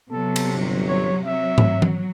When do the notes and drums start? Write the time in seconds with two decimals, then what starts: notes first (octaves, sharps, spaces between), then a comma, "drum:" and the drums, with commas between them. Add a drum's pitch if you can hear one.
0.11 C3 F#3 B3 A4
0.36 drum: cymbal
0.54 G1
0.88 C#5
1.25 F#3 C4 E5
1.58 drum: tom G#2
1.82 drum: tom E3